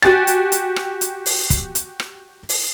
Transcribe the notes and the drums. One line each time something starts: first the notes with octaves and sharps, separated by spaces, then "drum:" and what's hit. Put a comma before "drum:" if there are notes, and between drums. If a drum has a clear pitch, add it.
F#4 G4 G#5 A6, drum: rim click
drum: hi-hat
drum: hi-hat
drum: rim click
drum: hi-hat
drum: open hi-hat
drum: kick, hi-hat
drum: hi-hat
drum: rim click
drum: open hi-hat